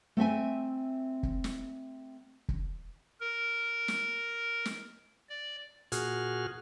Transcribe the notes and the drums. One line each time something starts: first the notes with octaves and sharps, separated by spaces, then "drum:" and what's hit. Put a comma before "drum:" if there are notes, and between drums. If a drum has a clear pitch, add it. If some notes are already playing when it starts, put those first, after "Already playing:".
A3 C4 E5 G#5
drum: kick
drum: snare
drum: kick
A#4
drum: snare
drum: snare
D5
A#2 F#4 G#4 F6, drum: hi-hat